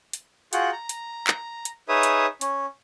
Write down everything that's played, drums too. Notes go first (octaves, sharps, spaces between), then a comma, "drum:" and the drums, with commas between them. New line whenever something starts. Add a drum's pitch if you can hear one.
drum: hi-hat
F4 F#4 G#4 F#5 G5, drum: hi-hat
A#5
drum: hi-hat
drum: clap
drum: hi-hat
D#4 G#4 B4 C#5 E5 D#6
drum: hi-hat
C#4, drum: hi-hat